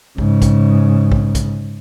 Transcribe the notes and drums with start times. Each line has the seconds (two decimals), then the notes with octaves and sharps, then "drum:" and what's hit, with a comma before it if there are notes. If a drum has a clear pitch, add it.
0.18 G#2 C#3, drum: kick
0.42 drum: kick, hi-hat
1.12 drum: kick
1.35 drum: kick, hi-hat